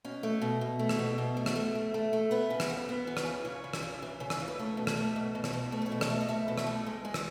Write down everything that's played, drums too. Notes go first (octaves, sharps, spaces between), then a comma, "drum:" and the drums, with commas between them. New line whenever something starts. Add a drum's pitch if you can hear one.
B2 C#4
A3
B2
B2
A3
drum: rim click
B2
B2
A3
drum: rim click
A3
A3
A3
A3
B3 B4
C#3
drum: rim click
B3
B3
E3
drum: rim click
C#3
C#3 C#5
C#3
drum: rim click
C#3
E3
C#3
drum: rim click
C#3
B4
A3 C#5
B2
drum: rim click
A3
B2
B2
drum: rim click
B2
A3
B4
C#5
B2
D#5, drum: rim click
A3
D#5
A3 E5
B2
drum: rim click
A3
G#3
G#3
drum: rim click